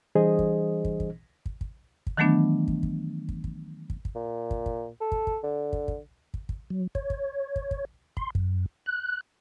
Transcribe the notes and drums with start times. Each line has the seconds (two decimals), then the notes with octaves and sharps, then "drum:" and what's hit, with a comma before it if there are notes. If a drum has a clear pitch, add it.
0.15 E3 G3 D4 G#4 C5 D#5
0.39 drum: kick
0.85 drum: kick
1.00 drum: kick
1.46 drum: kick
1.61 drum: kick
2.07 drum: kick
2.17 D#3 E3 F#3 A3 B3 D4
2.68 drum: kick
2.83 drum: kick
3.29 drum: kick
3.44 drum: kick
3.90 drum: kick
4.05 drum: kick
4.15 A#2
4.51 drum: kick
4.66 drum: kick
5.01 A4
5.12 drum: kick
5.27 drum: kick
5.43 D3
5.73 drum: kick
5.88 drum: kick
6.34 drum: kick
6.49 drum: kick
6.70 F#3
6.95 C#5, drum: kick
7.10 drum: kick
7.56 drum: kick
7.71 drum: kick
8.17 C6, drum: kick
8.35 F#2, drum: kick
8.86 F#6